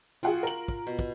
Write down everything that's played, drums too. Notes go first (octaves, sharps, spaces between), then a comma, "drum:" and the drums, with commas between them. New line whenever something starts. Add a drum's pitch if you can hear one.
F4 F#4 G#4 F#5 G5
A#4 F#7
drum: kick
B2
drum: kick